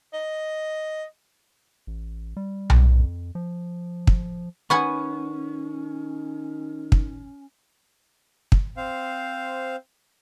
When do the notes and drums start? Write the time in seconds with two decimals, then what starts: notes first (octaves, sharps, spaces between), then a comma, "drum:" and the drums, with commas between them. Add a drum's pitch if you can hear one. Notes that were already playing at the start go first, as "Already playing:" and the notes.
0.14 D#5
1.87 A1
2.37 G3
2.70 drum: tom B1
2.99 F2
3.35 F3
4.07 drum: kick
4.70 D#3 B3 C#4 F#5 G#5 C#6
6.92 drum: kick
8.52 drum: kick
8.77 C4 C5 F5